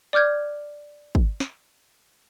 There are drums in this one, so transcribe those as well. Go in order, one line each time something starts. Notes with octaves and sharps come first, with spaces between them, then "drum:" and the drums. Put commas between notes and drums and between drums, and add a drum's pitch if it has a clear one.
D5 D6 F6 G6 G#6
drum: kick
drum: snare